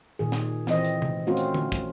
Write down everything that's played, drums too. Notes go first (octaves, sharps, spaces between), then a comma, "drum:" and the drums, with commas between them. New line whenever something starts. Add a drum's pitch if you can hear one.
A#2 D#3 G#4
drum: snare
E3 C4 D#5, drum: snare
drum: hi-hat
drum: tom C3
A3 C4 C#4 F4 F#4
drum: hi-hat
drum: tom D3
drum: kick, hi-hat